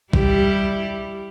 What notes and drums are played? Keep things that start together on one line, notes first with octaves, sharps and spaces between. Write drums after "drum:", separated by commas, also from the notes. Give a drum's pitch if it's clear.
G3 E4 G4, drum: kick